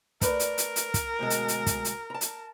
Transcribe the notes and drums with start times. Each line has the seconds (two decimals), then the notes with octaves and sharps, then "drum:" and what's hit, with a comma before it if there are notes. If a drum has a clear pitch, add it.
0.21 A3 A#4 B4 D5, drum: kick, hi-hat
0.40 drum: hi-hat
0.58 drum: hi-hat
0.76 drum: hi-hat
0.94 drum: kick, hi-hat
1.19 D2 B2 G#3
1.30 drum: hi-hat
1.48 drum: hi-hat
1.66 drum: kick, hi-hat
1.85 drum: hi-hat
2.10 A5 A#5
2.21 drum: hi-hat